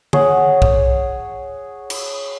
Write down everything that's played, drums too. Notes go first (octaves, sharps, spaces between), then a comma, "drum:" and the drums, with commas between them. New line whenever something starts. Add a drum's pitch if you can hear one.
G#4 C#5 F#5, drum: tom D3
drum: kick
drum: cymbal